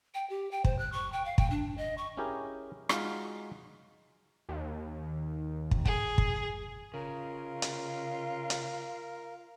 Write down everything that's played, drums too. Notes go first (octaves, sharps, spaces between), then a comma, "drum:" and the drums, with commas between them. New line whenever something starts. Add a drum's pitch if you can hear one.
G5
G4
G5
C5, drum: kick
F#6
C#6
G5
F5
G5, drum: kick
D4
D#5
C#6
C#4 E4 G4 G#4 A#4
G#3 D#4 F4 F#4 F5, drum: rim click
D#2
drum: kick
G#4, drum: kick
drum: kick
C#3 F4 A#4
drum: hi-hat
drum: hi-hat